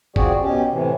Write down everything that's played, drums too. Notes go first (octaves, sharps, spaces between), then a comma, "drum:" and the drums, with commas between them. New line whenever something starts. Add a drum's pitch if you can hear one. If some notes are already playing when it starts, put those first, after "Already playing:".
F3 C4 F#4 G#4 D5, drum: kick G1
B2 C#4 G4
A2 C3 E3